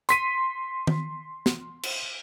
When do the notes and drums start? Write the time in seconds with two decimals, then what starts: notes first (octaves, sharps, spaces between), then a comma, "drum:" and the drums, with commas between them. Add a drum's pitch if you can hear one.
0.09 C6 B6 D#7, drum: hi-hat
0.87 drum: tom D#3
1.46 drum: snare
1.83 drum: cymbal